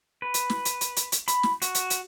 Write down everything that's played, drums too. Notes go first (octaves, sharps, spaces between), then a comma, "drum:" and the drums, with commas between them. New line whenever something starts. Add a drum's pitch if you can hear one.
B4
drum: hi-hat
drum: snare
drum: hi-hat
drum: hi-hat
drum: hi-hat
drum: hi-hat
B5, drum: hi-hat
drum: snare
F#4, drum: hi-hat
drum: hi-hat
drum: hi-hat